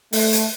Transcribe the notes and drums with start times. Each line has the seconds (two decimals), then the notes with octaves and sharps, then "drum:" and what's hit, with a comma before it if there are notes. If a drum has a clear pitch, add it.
0.13 A3, drum: open hi-hat
0.33 drum: hi-hat